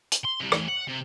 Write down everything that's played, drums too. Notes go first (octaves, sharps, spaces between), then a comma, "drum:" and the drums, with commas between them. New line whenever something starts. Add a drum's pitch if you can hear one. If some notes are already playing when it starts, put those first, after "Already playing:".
drum: hi-hat
C6
C3 G3
A2 E3, drum: rim click
F#5
C3